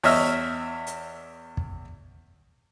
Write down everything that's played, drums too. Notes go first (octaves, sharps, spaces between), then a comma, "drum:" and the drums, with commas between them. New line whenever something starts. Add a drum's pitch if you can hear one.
E2 C#5 D#5 E5 F6, drum: open hi-hat
drum: hi-hat
drum: kick